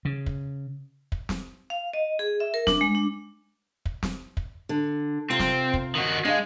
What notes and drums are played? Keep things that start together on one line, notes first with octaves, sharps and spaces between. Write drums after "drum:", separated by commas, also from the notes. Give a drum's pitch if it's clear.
C#3
drum: kick
drum: kick
drum: snare
F5
D#5
G#4
E5
A#4
D4, drum: snare
G#3
D4
drum: kick
drum: snare
drum: kick
D3
C3 C4 F4
drum: snare
drum: kick
D#3 F#4
G#3 D4 F5